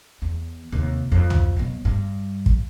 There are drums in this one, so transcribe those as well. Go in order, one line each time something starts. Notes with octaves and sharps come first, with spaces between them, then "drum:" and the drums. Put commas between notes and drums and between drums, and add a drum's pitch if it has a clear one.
E2
D#2 C3
F2
drum: tom
B2 F#3
G2
drum: kick